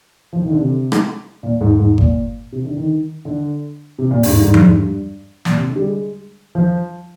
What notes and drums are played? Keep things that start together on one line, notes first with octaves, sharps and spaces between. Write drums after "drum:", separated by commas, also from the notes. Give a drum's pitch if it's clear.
F3
D#3
D3
C3
drum: rim click
A#2
G#2
G#2
A#2, drum: kick G1
C3
D3
D#3
D3
C3
A#2
G2, drum: open hi-hat
G#2
G2
G#2
G2, drum: tom F3
G#2
G2
A#2, drum: snare
C3
D3
G3
G#3
F3